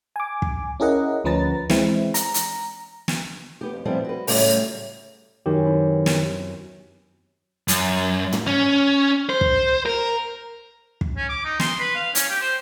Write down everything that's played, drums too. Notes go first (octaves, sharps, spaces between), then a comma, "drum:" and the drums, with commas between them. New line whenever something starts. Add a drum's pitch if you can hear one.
G#5 D6
drum: kick
C#4 E4 G#4 A#4 D#5 F#5
D2 F3 C#4 B4 A#5 A6
E3 G#3 C4 E4, drum: snare
A#5, drum: hi-hat
drum: hi-hat
drum: snare
B3 G4
F2
F3 G3 G#3 B3 C4 E4
F#4 B4
A2 C#3 F#3 G3 A3 F4, drum: open hi-hat
F#2 D#3 G4
C4 E4 B4
drum: snare
F#2, drum: hi-hat
drum: tom
C#4
C5
drum: kick
A#4
drum: kick
C#4
D6
D#4
C6, drum: snare
B4
F5
C#4, drum: hi-hat
G4
C5